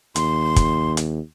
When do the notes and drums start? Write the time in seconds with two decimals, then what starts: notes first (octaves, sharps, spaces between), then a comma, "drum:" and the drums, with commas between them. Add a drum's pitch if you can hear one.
0.16 D#2 C6, drum: hi-hat
0.56 drum: kick, hi-hat
0.97 drum: hi-hat